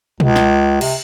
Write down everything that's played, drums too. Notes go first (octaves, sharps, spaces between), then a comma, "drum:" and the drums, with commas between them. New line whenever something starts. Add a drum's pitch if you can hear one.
C#2, drum: tom B2
drum: snare
C3, drum: cymbal